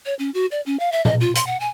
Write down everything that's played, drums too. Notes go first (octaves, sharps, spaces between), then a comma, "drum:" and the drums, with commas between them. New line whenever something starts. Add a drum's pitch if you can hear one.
C#5
C#4
F#4
D5
C#4
F5
E5
D#5, drum: tom A#2
F4
C6, drum: hi-hat
F#5
G#5